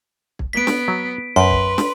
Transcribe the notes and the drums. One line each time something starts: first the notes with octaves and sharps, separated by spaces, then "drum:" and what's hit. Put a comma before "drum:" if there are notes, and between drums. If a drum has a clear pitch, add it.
drum: kick
B3 B6 D7
drum: snare
F#3
F#2 B4 C6
drum: kick
drum: snare